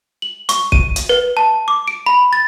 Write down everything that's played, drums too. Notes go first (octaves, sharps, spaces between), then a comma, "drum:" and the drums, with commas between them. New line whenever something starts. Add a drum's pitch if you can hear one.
F#7
C#6, drum: hi-hat
D#7, drum: kick
drum: hi-hat
B4
A5
D6
D7
B5
A6